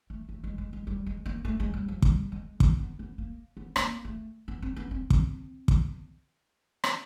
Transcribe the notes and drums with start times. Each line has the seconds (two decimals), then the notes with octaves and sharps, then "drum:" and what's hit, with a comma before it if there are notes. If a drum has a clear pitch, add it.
0.10 A3
0.29 A3
0.44 G#3
0.58 G#3
0.73 G#3
0.87 G3
1.06 G#3
1.26 A#3
1.45 A3
1.60 G#3
1.74 G3
1.88 F3
2.02 G3, drum: kick
2.32 G#3
2.60 A3, drum: kick
2.79 B3
2.99 B3
3.18 A#3
3.57 B3
3.76 A#3, drum: rim click
4.05 A3
4.48 B3
4.62 C4
4.76 B3
4.91 C4
5.10 drum: kick
5.68 drum: kick
6.84 drum: rim click